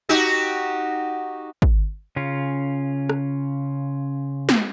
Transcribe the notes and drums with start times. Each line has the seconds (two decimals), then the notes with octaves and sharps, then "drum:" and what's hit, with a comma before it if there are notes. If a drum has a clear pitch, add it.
0.09 D#4 F#4 G4
1.62 drum: kick
2.16 C#3 C#4 F4
3.09 drum: rim click
4.49 drum: snare